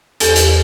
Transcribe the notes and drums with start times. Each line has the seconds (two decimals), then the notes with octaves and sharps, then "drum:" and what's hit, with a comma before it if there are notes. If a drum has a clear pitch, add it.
0.20 E2 G4 A4, drum: hi-hat
0.36 drum: hi-hat